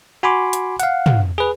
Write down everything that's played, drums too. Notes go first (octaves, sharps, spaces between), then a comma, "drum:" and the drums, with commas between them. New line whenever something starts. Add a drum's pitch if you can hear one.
F#4 G#5 B5 C6 D6
drum: hi-hat
F5 F#5, drum: hi-hat
drum: tom
G#4 B4